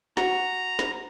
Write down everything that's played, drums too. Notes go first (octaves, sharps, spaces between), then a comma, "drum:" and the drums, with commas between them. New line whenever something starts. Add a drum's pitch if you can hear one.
F#4 A#5, drum: snare
drum: snare